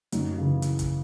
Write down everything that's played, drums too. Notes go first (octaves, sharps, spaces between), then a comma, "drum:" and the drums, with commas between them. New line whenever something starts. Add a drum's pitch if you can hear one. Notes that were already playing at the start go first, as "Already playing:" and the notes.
F#2 D#4, drum: hi-hat
C#3 E3
drum: hi-hat
drum: kick, hi-hat